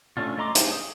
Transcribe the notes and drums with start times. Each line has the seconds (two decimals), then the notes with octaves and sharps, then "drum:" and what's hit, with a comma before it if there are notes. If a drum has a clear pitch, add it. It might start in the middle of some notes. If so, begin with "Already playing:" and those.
0.17 A3 C#4 D4 F4
0.38 A3 D#5 A#5 C6 D6
0.55 G4 G#4 C5 F5, drum: hi-hat
0.72 D#6